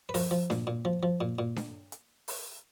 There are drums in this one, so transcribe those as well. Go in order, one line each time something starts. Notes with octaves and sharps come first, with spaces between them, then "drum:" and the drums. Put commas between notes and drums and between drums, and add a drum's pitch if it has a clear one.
B4
F3 A#4, drum: open hi-hat
F3
A#2, drum: snare D4
A#2
F3
F3
A#2
A#2
drum: snare D4
drum: hi-hat
drum: open hi-hat